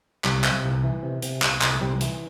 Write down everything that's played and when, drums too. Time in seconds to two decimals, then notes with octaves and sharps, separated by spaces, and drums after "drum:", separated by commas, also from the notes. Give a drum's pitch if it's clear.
0.24 C2 G3, drum: clap
0.44 C3, drum: clap
0.64 C2
0.84 E3
1.03 C3
1.22 C3, drum: hi-hat
1.42 C2, drum: clap
1.62 C2, drum: clap
1.72 A3
1.81 C2 G3 C4
2.01 E3, drum: hi-hat